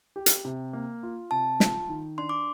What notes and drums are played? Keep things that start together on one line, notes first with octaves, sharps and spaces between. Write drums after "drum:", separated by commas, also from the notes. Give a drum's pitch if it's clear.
G4
drum: hi-hat
C3
A#3
F4
C3 A5
F4, drum: snare
D#3
D4 C6
D6